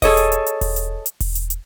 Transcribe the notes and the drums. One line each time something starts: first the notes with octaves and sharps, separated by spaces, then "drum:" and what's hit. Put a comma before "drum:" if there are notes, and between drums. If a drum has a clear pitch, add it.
G#4 A4 C#5 D#5, drum: kick E1, open hi-hat
drum: hi-hat
drum: hi-hat
drum: hi-hat
drum: kick E1, open hi-hat
drum: hi-hat
drum: hi-hat
drum: kick E1, open hi-hat
drum: hi-hat
drum: hi-hat